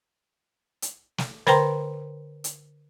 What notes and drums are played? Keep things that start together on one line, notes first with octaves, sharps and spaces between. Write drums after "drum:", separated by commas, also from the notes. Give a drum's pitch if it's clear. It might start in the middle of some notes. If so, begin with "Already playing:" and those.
drum: hi-hat
drum: snare
D3 A#4 C5 G5 A#5 C6, drum: snare
drum: hi-hat